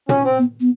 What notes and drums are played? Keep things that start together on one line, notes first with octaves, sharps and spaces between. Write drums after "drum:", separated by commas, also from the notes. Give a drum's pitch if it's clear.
C#4, drum: tom
C4
B3
B3